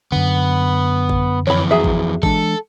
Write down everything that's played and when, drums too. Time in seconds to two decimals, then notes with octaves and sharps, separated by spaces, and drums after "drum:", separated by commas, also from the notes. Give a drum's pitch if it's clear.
0.12 F#2 D3 B3
1.09 drum: kick G#1
1.47 F2 E3 C#5 B5
1.71 F#3 G#4 E5
1.84 drum: kick G#1
2.23 E3 G#3 D4 A4, drum: kick G#1